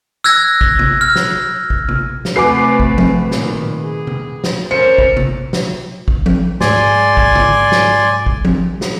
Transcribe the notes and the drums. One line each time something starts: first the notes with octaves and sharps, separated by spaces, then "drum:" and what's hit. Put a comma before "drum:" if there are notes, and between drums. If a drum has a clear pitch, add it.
E6 F#6 G#6 A#6
drum: kick
drum: tom C3
F6
drum: snare
drum: kick
drum: tom C3
drum: snare
C3 A3 F#4 B4 G#5 D6 C7
drum: kick
drum: tom F3
A#2 D#3, drum: snare
G#4
drum: tom C3
drum: snare
C#4 A4 A#4 C5 C#7
drum: kick
drum: tom C3
drum: snare
drum: kick
drum: tom F3
G#2 G#3 D5 G#5 C6, drum: snare
drum: kick
drum: tom C#3
drum: snare
drum: kick
drum: tom F3
drum: snare